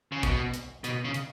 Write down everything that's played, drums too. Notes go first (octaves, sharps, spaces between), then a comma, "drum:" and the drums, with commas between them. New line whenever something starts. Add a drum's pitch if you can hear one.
C#3
B2, drum: kick, hi-hat
drum: hi-hat
B2, drum: hi-hat
C#3
drum: hi-hat